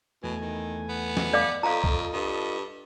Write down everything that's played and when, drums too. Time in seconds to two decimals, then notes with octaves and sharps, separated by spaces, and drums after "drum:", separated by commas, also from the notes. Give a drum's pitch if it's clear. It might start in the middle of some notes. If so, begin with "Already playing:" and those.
0.23 E2 B2 A3 G#5
0.41 D#3
0.89 B3
1.17 drum: snare
1.33 D5 F5 D6
1.63 F2 F4 A4 D#5 F5 A#5
1.84 drum: kick C2
2.13 G2